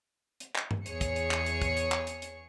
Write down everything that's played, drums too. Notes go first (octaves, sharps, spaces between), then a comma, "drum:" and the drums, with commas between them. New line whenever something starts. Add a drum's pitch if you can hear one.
drum: hi-hat
drum: clap
drum: tom G2
E2 G#4 C#5 C#7, drum: hi-hat
drum: kick, hi-hat
drum: hi-hat
drum: clap
drum: hi-hat
drum: kick, hi-hat
drum: hi-hat
drum: clap
drum: hi-hat
drum: hi-hat